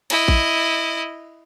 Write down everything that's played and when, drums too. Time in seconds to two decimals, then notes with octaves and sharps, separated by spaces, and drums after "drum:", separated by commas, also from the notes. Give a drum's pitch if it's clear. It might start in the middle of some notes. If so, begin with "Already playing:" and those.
0.10 E4 D#5, drum: cymbal
0.28 drum: kick A1